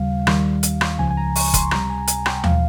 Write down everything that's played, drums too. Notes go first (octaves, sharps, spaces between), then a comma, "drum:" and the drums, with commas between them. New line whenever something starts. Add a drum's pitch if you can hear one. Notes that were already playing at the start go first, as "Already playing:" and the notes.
Already playing: D#2 C#3 G3 F5
D#2 D#3 G3, drum: rim click
drum: hi-hat
drum: rim click
C#2 C#3 F3 G#5
G#5
A#5
C#6, drum: open hi-hat
C6, drum: kick F#1, hi-hat
C#2 C3 G3 A#5, drum: rim click
G#5
G#5, drum: hi-hat
G5, drum: rim click
F3 F5, drum: tom D#2